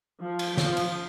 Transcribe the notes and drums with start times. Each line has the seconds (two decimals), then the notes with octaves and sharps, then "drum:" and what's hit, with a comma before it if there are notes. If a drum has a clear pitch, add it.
0.21 F3
0.39 drum: cymbal
0.57 F3, drum: snare
0.77 drum: cymbal